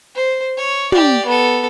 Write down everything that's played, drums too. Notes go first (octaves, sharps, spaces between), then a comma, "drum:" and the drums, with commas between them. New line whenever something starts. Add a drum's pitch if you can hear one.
C5
C#5
G4 D5, drum: tom
B3 A4